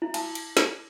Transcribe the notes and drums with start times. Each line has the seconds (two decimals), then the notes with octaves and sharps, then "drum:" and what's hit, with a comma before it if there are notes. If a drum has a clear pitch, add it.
0.02 E4
0.14 A5, drum: cymbal
0.35 drum: cymbal
0.57 drum: snare